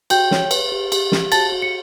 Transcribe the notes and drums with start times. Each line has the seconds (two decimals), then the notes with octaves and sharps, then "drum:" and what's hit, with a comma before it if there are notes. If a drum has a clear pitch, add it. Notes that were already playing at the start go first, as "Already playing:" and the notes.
0.10 F#4 G5 G6, drum: cymbal
0.31 C#5, drum: snare
0.51 B4, drum: cymbal
0.72 G4
0.92 G4, drum: cymbal
1.12 G4, drum: snare
1.32 F#4 A5 A6, drum: cymbal
1.52 F#4
1.62 C#7